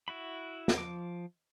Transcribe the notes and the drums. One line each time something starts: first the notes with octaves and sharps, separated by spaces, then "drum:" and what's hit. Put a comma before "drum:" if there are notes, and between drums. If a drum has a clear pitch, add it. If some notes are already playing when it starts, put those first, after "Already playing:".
E4 F#4 B5
drum: snare
F3 D6